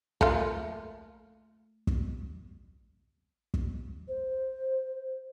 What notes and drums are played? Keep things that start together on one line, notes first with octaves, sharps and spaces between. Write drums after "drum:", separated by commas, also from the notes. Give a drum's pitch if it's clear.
A3 A#3 F4, drum: kick
drum: kick
drum: kick
C5